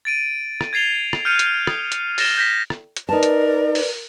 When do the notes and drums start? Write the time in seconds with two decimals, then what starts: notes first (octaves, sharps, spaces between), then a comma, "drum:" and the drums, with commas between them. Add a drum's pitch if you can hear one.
0.05 A6 D7 D#7
0.61 drum: rim click
0.73 G#6 A6 C7 F7 G7
1.13 drum: rim click
1.25 F6 G6 C#7 D#7 F7
1.39 drum: hi-hat
1.67 D#6, drum: rim click
1.92 drum: hi-hat
2.18 A6 A#6 E7 G7, drum: open hi-hat
2.37 G6 A#6 B6
2.70 drum: rim click
2.97 drum: hi-hat
3.09 D#4 A#4 B4 D5 A5
3.23 drum: hi-hat
3.75 drum: open hi-hat